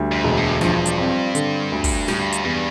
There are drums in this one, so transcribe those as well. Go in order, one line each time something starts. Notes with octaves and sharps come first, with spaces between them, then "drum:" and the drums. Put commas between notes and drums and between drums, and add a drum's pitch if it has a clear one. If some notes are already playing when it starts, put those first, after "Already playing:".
Already playing: D2 G3
F2
E1
G2
G2 F3, drum: snare
drum: hi-hat
C4
D3, drum: hi-hat
D2
drum: kick, open hi-hat
A2 G3, drum: snare
G2
F2, drum: hi-hat
E2 G2